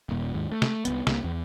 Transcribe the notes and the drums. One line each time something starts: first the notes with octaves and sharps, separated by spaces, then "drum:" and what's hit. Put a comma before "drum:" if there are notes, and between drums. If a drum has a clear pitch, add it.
D#1 A#2
D#2 G#2
A3
drum: snare
C2 F2 B3, drum: hi-hat
C2 A#3, drum: snare
E2